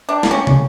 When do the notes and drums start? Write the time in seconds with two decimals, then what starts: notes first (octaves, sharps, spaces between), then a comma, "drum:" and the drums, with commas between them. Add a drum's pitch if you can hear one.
0.09 D4
0.23 A#3, drum: snare
0.31 C#4
0.47 drum: tom